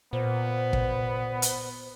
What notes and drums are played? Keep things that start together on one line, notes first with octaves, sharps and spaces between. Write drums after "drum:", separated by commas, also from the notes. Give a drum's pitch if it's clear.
A#2 B3 C5
drum: kick
drum: hi-hat